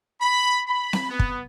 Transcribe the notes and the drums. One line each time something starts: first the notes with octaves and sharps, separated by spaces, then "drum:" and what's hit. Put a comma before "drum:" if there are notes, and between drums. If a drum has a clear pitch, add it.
B5
B5
drum: snare C4
B3
drum: kick